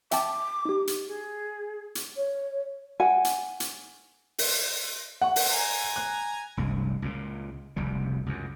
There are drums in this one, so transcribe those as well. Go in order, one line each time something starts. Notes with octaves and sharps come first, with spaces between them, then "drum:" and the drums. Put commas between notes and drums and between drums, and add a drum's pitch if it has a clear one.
E5 G5 A5 D6, drum: hi-hat
D#4 G4
drum: hi-hat
G#4
drum: hi-hat
C#5
F#5 G#5
drum: hi-hat
drum: hi-hat
drum: open hi-hat
F#5 C#6
drum: open hi-hat
G#5 A#5
F#6
F1 C2 G2 G#3
C#2 A#2
F1 C#2 C3 G3
C#2 F#2